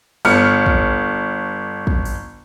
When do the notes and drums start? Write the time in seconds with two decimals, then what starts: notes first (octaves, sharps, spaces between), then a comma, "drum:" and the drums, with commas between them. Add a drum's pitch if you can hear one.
0.25 G1 F6 C#7, drum: cymbal
0.66 drum: kick
1.87 drum: kick
2.05 drum: open hi-hat